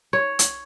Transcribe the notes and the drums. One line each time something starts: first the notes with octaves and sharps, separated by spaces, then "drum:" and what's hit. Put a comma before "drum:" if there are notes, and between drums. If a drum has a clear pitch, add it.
C#5
drum: hi-hat